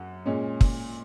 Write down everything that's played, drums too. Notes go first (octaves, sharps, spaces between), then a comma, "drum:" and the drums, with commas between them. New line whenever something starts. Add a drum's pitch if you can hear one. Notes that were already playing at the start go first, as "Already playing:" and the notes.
Already playing: F#2 F#5
A#2 G#3 C#4
drum: kick